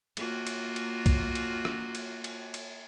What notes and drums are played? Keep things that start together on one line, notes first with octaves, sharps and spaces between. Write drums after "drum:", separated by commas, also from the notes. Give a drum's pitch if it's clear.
A#3 F4 F#4, drum: cymbal
drum: cymbal
drum: cymbal
drum: kick, cymbal
drum: cymbal
drum: rim click
drum: cymbal
drum: cymbal
drum: cymbal